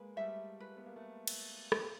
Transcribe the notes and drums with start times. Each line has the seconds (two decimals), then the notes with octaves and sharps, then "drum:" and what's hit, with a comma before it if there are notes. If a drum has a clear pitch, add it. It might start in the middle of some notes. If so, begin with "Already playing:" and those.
Already playing: G#3 A#3 B4
0.16 G3 A3 E5
0.60 B4
0.77 B3
0.86 A#3
0.96 A3
1.27 drum: cymbal
1.72 drum: rim click